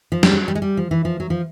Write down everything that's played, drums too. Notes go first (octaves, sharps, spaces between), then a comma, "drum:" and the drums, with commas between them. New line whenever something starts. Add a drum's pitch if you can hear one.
F3
G3, drum: snare
F#3
G3
G#3
G3
F3
E3
F3
F#3
F3